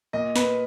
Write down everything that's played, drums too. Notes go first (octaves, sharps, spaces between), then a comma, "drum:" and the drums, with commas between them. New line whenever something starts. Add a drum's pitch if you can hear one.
A#2 D#5
B4, drum: snare